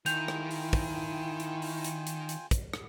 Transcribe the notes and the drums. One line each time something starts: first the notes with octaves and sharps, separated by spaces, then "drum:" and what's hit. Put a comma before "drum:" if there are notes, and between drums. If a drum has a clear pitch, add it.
D#3 E4 F4 G5 G#5 G6 F7, drum: hi-hat
drum: rim click
drum: open hi-hat
drum: kick, open hi-hat
drum: hi-hat
drum: open hi-hat
drum: hi-hat
drum: hi-hat
drum: hi-hat
drum: kick, hi-hat
drum: rim click